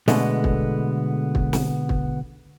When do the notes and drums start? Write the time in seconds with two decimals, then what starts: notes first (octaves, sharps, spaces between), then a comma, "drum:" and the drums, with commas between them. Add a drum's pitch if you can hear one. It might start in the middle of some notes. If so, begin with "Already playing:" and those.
0.08 B2 D3 G#3 A3 B3, drum: snare
0.44 drum: kick
1.35 drum: kick
1.53 drum: snare
1.89 drum: kick